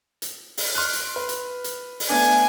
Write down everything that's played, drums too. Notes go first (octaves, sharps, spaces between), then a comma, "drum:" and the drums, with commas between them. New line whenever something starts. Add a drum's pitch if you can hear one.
drum: hi-hat
drum: open hi-hat
C6 F6 F#6
drum: hi-hat
B4
drum: hi-hat
drum: hi-hat
drum: open hi-hat
A3 B3 D4 G#5